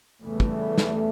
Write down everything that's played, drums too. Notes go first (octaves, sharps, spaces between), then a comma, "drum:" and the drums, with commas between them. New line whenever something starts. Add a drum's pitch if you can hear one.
E2 C#3 E3 G3 A3 B3
drum: kick
drum: snare